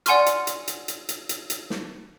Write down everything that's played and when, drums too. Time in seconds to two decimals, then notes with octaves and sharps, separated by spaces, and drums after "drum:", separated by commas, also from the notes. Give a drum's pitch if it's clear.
0.06 D5 F#5 G#5 C6 C#6 F6, drum: hi-hat
0.26 drum: hi-hat
0.47 drum: hi-hat
0.67 drum: hi-hat
0.88 drum: hi-hat
1.09 drum: hi-hat
1.29 drum: hi-hat
1.50 drum: hi-hat
1.70 drum: snare